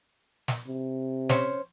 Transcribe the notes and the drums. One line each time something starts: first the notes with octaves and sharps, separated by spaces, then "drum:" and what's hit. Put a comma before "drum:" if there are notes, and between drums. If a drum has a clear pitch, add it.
drum: snare
C3
C#4 C5 C#5, drum: snare